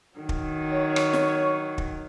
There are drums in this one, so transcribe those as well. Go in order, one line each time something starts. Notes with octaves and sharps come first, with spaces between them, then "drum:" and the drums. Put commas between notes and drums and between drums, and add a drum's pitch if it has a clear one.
D#3 F#3
drum: kick
C#5
drum: rim click
drum: snare
drum: kick